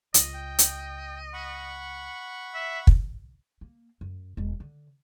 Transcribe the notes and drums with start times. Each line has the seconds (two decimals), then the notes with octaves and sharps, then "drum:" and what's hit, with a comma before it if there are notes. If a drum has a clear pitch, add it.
0.14 C#2 D#5, drum: hi-hat
0.34 G5
0.59 drum: hi-hat
1.33 F#5 B5 C#6
2.54 E5
2.87 drum: kick
3.61 A#3
4.01 F#2
4.37 E1 G#3
4.60 D3